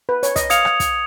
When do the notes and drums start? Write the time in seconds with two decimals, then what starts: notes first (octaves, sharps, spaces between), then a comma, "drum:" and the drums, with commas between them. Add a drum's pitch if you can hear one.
0.09 B4
0.23 C#5, drum: hi-hat
0.36 D#5, drum: kick, hi-hat
0.50 F5 D#6 G#6 C#7 F7, drum: hi-hat
0.65 drum: rim click
0.80 drum: kick, hi-hat